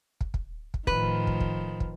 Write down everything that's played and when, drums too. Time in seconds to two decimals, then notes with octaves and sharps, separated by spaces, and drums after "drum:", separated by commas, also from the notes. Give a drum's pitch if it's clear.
0.21 drum: kick
0.34 drum: kick
0.74 drum: kick
0.87 A2 D#3 F3 B4, drum: kick
1.27 drum: kick
1.40 drum: kick
1.80 drum: kick